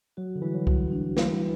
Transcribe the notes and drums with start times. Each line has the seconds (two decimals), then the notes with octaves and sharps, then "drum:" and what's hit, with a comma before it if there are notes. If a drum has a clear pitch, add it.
0.17 F#3 F#4
0.35 D3
0.42 E3 G3
0.54 F#3
0.67 F#4, drum: kick C2
0.92 D4
1.17 E3 G3, drum: snare
1.33 E3